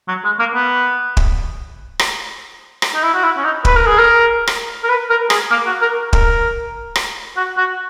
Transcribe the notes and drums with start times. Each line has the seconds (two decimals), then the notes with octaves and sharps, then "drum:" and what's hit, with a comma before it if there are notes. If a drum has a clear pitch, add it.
0.08 F#3
0.24 G#3
0.39 A#3
0.55 B3
1.17 drum: kick
1.99 drum: rim click
2.82 drum: rim click
2.94 D#4
3.03 E4
3.14 F#4
3.23 E4
3.37 C#4
3.44 D#4
3.65 B4, drum: kick
3.76 A#4
3.87 G#4
3.99 A#4
4.47 drum: rim click
4.84 A#4
4.89 B4
5.10 A#4
5.30 G#4, drum: rim click
5.51 A#3
5.67 F#4
5.82 A#4
6.13 A#4, drum: kick
6.96 drum: rim click
7.37 F#4
7.58 F#4